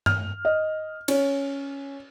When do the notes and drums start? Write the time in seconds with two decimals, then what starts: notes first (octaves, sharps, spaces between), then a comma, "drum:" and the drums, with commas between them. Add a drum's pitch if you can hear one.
0.06 F6, drum: tom G2
0.45 D#5
1.08 C#4, drum: cymbal